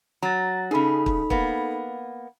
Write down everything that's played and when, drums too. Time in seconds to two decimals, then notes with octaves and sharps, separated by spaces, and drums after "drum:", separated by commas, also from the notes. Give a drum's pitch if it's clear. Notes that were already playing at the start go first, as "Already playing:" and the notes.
0.23 F#3 A#5 A6
0.71 C#3 D#4 G#4 A4 B5
1.06 drum: kick
1.30 A#3 B3, drum: kick